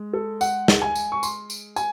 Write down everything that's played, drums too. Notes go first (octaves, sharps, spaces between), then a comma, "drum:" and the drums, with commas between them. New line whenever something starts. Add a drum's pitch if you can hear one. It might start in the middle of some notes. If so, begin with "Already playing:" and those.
Already playing: G#3
A4
F#5, drum: tambourine
drum: snare
G#5
drum: tambourine
C#6
C6, drum: tambourine
drum: tambourine
G#5, drum: tambourine